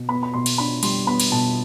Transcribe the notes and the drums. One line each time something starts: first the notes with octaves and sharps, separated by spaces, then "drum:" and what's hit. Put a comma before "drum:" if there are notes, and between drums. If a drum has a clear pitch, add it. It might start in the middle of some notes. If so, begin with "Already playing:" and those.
Already playing: B2
B3 B5
B5
B2 C6
drum: cymbal
D4 B5
G3 C6, drum: cymbal
B3 B5
drum: cymbal
B2 A5